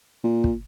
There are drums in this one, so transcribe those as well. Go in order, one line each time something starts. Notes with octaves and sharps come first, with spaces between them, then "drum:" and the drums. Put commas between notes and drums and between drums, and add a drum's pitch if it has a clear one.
A#2
drum: kick